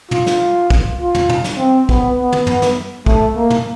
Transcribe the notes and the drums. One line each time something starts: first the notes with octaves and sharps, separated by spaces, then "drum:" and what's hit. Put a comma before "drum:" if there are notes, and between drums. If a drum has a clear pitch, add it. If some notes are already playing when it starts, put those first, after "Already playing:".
F4, drum: tom
drum: snare
drum: kick
F4
drum: tom
drum: tom
drum: snare
C4
B3, drum: kick
B3
drum: tom
B3, drum: tom
drum: snare
A3, drum: kick
A#3
drum: tom